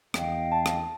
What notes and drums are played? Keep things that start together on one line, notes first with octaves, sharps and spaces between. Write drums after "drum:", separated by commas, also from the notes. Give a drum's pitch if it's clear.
E2 D#5 F5 G5, drum: rim click
A5
drum: rim click